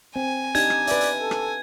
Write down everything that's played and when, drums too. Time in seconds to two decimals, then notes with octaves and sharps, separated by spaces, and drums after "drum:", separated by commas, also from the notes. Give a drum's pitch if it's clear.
0.16 C4 G#5
0.55 D4 D#4 G4 G#6, drum: hi-hat
0.70 drum: rim click
0.87 B4 D5 E5, drum: hi-hat
1.01 drum: hi-hat
1.20 A4
1.31 drum: rim click